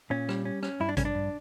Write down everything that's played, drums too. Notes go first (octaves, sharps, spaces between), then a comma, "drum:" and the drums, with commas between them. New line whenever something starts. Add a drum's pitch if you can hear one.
A#2 C#4
G3, drum: rim click
C#4
C#4, drum: rim click
G2 E4
D4
G2 C#4, drum: kick A1, hi-hat
D4
G2